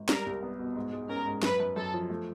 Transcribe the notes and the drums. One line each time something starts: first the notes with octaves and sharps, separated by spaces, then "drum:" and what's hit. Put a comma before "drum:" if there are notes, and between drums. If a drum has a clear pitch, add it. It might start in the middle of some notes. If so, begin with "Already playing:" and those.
Already playing: G#1
G3 A#4, drum: snare
C2
B3
B2
G#2
G#3
C#4 A#4
G#2
F#2 B4, drum: snare
F#2
F#2 A4
F3
A3